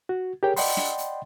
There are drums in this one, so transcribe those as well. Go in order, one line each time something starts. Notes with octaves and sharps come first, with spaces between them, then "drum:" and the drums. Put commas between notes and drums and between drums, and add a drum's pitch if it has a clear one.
F#4
G4 G#4 A#4 C#5 G5
D5 D#5 F#5 G5 B5 C6, drum: open hi-hat
drum: snare
drum: hi-hat